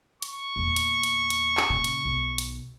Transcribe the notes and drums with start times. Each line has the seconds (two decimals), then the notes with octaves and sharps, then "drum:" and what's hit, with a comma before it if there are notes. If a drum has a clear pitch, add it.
0.22 C#6, drum: hi-hat
0.56 E2 A#2
0.76 drum: hi-hat
1.03 drum: hi-hat
1.30 drum: hi-hat
1.57 drum: clap
1.70 A#2 C#3
1.84 drum: hi-hat
2.05 B1 D#3
2.38 drum: hi-hat